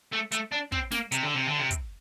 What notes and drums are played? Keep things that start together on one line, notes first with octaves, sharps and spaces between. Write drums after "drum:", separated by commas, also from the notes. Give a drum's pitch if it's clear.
A3
A3, drum: hi-hat
D4
C4, drum: kick
A#3, drum: snare
C3, drum: hi-hat
D3
C3
D3
C3
drum: kick, hi-hat